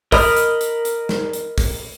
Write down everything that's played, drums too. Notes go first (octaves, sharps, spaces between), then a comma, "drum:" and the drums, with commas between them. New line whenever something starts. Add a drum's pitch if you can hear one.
A#4 D#5 B5 D#6 F6, drum: kick, open hi-hat
drum: hi-hat
drum: hi-hat
drum: hi-hat
drum: snare
drum: hi-hat
drum: kick, open hi-hat